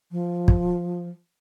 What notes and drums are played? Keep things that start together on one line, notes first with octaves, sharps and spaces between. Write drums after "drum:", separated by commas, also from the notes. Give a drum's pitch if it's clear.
F3
drum: kick